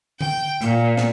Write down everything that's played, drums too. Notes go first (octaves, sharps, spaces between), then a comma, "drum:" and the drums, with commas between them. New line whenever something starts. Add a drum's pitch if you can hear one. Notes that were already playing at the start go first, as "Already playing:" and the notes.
G5, drum: tom D3
A#2, drum: hi-hat
drum: snare